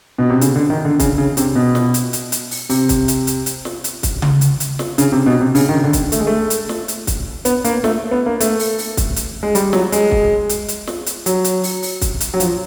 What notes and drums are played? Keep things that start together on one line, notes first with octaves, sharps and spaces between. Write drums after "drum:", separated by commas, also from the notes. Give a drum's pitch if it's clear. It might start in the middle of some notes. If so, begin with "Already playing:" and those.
B2
C3
C#3, drum: hi-hat
D3
D#3
D3
C#3, drum: kick, hi-hat
C#3
C3, drum: hi-hat
B2
drum: snare
drum: hi-hat
drum: hi-hat
drum: hi-hat
drum: open hi-hat
C3, drum: open hi-hat
drum: kick, hi-hat
drum: hi-hat
drum: hi-hat
drum: hi-hat
drum: snare
drum: hi-hat
drum: kick, hi-hat
drum: tom C#3
drum: hi-hat
drum: hi-hat
drum: snare
C#3, drum: hi-hat
C3
B2
C3
C#3, drum: open hi-hat
D#3
D3
drum: kick, hi-hat
A3, drum: hi-hat
G#3
A3
drum: hi-hat
drum: snare
drum: hi-hat
drum: kick, hi-hat
B3, drum: hi-hat
A#3, drum: hi-hat
A3, drum: snare
B3
A#3
A3, drum: hi-hat
drum: open hi-hat
drum: open hi-hat
drum: kick, hi-hat
drum: hi-hat
G#3
G3, drum: hi-hat
F#3, drum: snare
G#3, drum: hi-hat
drum: kick
drum: hi-hat
drum: hi-hat
drum: snare
drum: hi-hat
F#3, drum: hi-hat
drum: hi-hat
drum: open hi-hat
drum: open hi-hat
drum: kick, hi-hat
drum: hi-hat
F#3
F3, drum: hi-hat